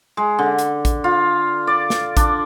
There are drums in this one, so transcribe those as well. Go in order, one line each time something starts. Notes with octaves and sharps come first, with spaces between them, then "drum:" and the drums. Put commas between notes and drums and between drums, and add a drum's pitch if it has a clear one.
G#3
D3
drum: hi-hat
drum: kick A1, hi-hat
F4
D5
drum: snare
D4, drum: kick A1, hi-hat